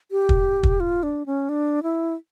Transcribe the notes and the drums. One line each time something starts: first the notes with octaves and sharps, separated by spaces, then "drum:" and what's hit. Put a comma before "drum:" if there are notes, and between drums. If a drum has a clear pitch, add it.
G4
drum: kick
drum: kick
F4
D4
C#4
D4
E4